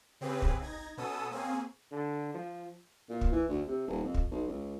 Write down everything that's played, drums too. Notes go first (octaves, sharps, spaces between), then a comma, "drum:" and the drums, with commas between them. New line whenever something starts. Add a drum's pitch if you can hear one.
C#3 C4 C#4 G4 G#4 B4
drum: kick
D#4 G#6 A#6
B2 B3 C#4 A4 D#6 E6
A#3 C4 C#4 G#4
D3
F3
A#2
drum: kick
E3
D2
C3
D#1
F2
drum: kick
B1
C#2